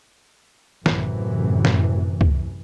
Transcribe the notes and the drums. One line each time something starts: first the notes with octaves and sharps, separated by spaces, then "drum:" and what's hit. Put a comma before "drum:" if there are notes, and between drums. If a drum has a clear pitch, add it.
A1 F#2 C3 E3, drum: snare
drum: snare
drum: kick C#2